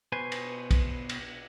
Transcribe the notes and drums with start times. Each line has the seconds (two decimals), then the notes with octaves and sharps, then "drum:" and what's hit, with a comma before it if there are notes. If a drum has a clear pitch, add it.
0.12 B2 B4 C5 G#5
0.32 drum: cymbal
0.71 drum: kick B1, cymbal
1.09 drum: cymbal